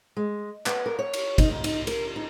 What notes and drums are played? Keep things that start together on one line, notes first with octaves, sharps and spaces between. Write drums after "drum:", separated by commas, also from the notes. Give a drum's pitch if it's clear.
G#3
B3, drum: clap
A#4
C#5
drum: cymbal
D#4, drum: kick, cymbal
D#2
D#4, drum: cymbal
A#4, drum: cymbal
D#4